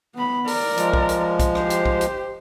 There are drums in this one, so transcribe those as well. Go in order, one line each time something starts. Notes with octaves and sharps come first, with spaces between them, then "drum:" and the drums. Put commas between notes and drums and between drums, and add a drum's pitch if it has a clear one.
B3 B5
A#4 D5, drum: open hi-hat
F3 G#3, drum: hi-hat
drum: kick B1
drum: hi-hat
drum: kick B1, hi-hat
G4 C5, drum: rim click
drum: hi-hat
drum: kick B1
drum: hi-hat